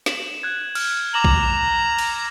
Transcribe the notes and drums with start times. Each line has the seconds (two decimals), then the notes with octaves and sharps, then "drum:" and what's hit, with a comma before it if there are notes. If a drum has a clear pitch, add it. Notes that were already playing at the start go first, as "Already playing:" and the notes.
0.06 E7 F#7, drum: snare
0.43 F#6 G#6
0.75 F6, drum: cymbal
1.14 A#5 D6 E7 F#7
1.24 drum: kick A#1
1.99 drum: cymbal